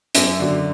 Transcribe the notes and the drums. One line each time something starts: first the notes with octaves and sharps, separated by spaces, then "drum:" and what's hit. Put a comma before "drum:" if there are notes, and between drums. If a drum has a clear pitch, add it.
F#2 E5, drum: hi-hat
D3 F#3